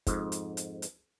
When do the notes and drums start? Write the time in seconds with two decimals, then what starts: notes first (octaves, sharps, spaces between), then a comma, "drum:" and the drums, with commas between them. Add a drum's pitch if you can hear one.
0.07 F2 G#2, drum: kick, hi-hat
0.32 drum: hi-hat
0.57 drum: hi-hat
0.82 drum: hi-hat